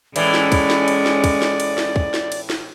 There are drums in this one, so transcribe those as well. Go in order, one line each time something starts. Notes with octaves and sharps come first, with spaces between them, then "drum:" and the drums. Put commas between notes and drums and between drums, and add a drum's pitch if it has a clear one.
A2 E3 G#3 C#4 D5, drum: cymbal
drum: snare
drum: kick, cymbal
drum: snare
drum: cymbal
drum: snare
drum: kick, cymbal
drum: snare
drum: cymbal
drum: snare
drum: kick
drum: snare
drum: cymbal
drum: snare